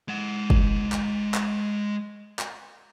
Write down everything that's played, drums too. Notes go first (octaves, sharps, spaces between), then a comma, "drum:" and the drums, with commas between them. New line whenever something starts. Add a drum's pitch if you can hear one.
G#3 F#5
drum: kick F#1
drum: clap
drum: clap
drum: clap